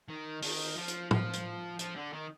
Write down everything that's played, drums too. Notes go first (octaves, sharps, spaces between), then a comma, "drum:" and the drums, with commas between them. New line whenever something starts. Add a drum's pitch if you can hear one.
D#3
D#3, drum: open hi-hat
F3
drum: hi-hat
F3, drum: tom
drum: hi-hat
F3, drum: hi-hat
D3
D#3